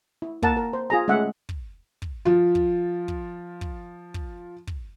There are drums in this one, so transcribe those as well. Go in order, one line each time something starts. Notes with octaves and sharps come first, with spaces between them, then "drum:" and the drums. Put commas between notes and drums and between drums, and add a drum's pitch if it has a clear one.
E4
A#3 A#4 F#5 A5, drum: kick
A#4
C5
F4 G#4 A#5
G#3 A3 C#4 E5 F#5
drum: kick
drum: kick
F3 F4
drum: kick
drum: kick
drum: kick
drum: kick
drum: kick